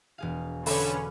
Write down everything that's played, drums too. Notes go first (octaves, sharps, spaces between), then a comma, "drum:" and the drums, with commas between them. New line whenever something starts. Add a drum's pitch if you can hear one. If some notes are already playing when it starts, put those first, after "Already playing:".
E1 G#4 F5
D3 C#4 G#4 B4 C6 D6, drum: open hi-hat